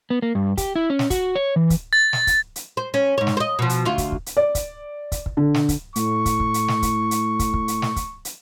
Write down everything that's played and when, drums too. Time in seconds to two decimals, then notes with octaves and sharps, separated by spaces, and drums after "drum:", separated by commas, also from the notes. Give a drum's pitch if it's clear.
0.10 B3
0.22 A#3
0.35 G2
0.58 G4, drum: kick, hi-hat
0.76 E4
0.90 C#4
0.99 drum: snare
1.10 F#4, drum: kick, hi-hat
1.36 C#5
1.56 E3
1.70 drum: kick, hi-hat
1.93 A6
2.13 drum: snare
2.27 drum: kick, hi-hat
2.56 drum: hi-hat
2.77 C5
2.94 C#4
3.18 G#2 C#5
3.27 drum: snare
3.37 C5 D#5
3.59 B2 F3
3.69 drum: hi-hat
3.85 D2 F4 F#4
3.98 drum: kick, hi-hat
4.12 drum: kick
4.26 drum: hi-hat
4.37 D5
4.55 drum: kick, hi-hat
5.12 drum: kick, hi-hat
5.26 drum: kick
5.37 D3
5.54 drum: snare
5.69 drum: kick, hi-hat
5.96 A2 C#6, drum: hi-hat
6.26 drum: kick, hi-hat
6.40 drum: kick
6.54 drum: hi-hat
6.68 drum: snare
6.83 drum: kick, hi-hat
7.11 drum: hi-hat
7.39 drum: kick, hi-hat
7.54 drum: kick
7.68 drum: hi-hat
7.82 drum: snare
7.96 drum: kick, hi-hat
8.25 drum: hi-hat